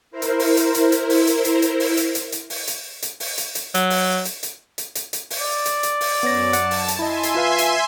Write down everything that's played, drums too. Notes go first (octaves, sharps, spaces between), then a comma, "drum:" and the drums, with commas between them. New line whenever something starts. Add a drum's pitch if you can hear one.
E4 A#4 C5
drum: hi-hat
drum: open hi-hat
drum: hi-hat
drum: hi-hat
drum: hi-hat
drum: open hi-hat
drum: hi-hat
drum: hi-hat
drum: hi-hat
drum: open hi-hat
drum: hi-hat
drum: hi-hat
drum: hi-hat
drum: open hi-hat
drum: hi-hat
drum: hi-hat
drum: open hi-hat
drum: hi-hat
drum: hi-hat
F#3, drum: hi-hat
drum: open hi-hat
drum: hi-hat
drum: hi-hat
drum: hi-hat
drum: hi-hat
drum: hi-hat
drum: open hi-hat
D5
drum: hi-hat
drum: hi-hat
drum: open hi-hat
F#2 F#3 B3 C#5 A#6
F#5 A5, drum: hi-hat
drum: open hi-hat
drum: hi-hat
E4 D#5 E5 G#5 C6
drum: hi-hat
F4 B4 F5
drum: hi-hat